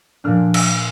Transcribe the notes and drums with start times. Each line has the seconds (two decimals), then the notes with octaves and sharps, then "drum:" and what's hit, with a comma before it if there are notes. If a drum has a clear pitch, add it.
0.24 A#2 F3 A#3 D4 F6
0.54 E6, drum: cymbal